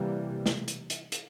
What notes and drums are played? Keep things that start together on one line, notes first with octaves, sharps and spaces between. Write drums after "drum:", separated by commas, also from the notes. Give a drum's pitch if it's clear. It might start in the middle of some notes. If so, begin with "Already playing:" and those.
Already playing: C3 E3 G3 A#3
drum: snare
drum: hi-hat
drum: hi-hat
drum: hi-hat